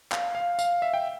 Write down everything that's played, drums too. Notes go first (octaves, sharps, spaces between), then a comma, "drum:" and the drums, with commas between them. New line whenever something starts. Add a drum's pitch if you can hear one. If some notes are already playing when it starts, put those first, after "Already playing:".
F5, drum: clap
F5
F5, drum: tambourine
E5
G5